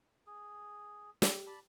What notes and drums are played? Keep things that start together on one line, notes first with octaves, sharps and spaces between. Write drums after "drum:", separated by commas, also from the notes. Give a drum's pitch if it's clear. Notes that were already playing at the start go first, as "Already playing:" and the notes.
G#4
G4, drum: snare
D5 A5 B5